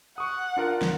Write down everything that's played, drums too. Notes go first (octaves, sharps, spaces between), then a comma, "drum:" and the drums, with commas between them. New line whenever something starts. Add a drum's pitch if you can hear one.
F#5 C#6 D#6
D4 F4 A#4
drum: snare